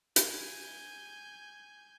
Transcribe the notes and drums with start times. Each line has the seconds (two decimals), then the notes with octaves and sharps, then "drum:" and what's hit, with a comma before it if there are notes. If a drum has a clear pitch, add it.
0.16 G#5 G6, drum: hi-hat